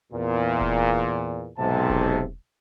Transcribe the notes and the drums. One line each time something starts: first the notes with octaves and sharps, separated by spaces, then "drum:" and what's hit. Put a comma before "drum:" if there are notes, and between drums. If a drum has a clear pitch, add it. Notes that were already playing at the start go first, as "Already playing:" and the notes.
E2 A#2
drum: kick E1
B1 G#2 C3 A5
drum: kick E1